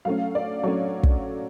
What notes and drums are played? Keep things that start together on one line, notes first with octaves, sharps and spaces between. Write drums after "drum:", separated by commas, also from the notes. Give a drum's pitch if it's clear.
F#3 A3 C#4 F5
D5
F#3 A3 C#4 C#5
drum: kick